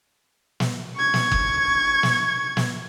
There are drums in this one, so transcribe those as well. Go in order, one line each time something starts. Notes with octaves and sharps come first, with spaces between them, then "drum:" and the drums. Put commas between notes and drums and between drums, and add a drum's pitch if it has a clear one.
drum: snare
C#6 G#6
drum: snare
drum: kick F#1
drum: snare
drum: snare